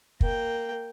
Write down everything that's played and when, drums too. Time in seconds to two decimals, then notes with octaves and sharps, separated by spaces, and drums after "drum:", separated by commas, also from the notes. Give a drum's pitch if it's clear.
0.21 A#3 G5, drum: kick